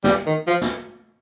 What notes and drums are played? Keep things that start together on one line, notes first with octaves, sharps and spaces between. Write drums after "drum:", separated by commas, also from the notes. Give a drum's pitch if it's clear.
G3, drum: snare
D#3
F3
drum: snare